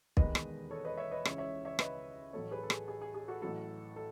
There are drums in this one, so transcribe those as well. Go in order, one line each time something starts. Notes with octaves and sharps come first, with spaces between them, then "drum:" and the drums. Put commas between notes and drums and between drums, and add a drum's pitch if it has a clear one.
E1 D#2 D#3 G#3 B3 B4 D#5, drum: kick
drum: rim click
A4 C#5
B4 D#5
C#5 E5
B4 D#5
C#2 C#3 E3 C#5 E5, drum: rim click
C#5 E5
C#5 E5
B4 D#5, drum: rim click
A1 A2 F#3 A3 A4 C#5
G#4 B4
A4
G#4, drum: rim click
G#4
G#4
G#4
F#4 A4
A1 A2 F#3 A3 F#4 A4
A4